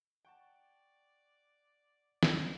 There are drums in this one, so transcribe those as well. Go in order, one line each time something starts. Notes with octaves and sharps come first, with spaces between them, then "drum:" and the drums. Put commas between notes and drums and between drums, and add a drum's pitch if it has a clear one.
D5 F#5 G5 A5 C#6
drum: snare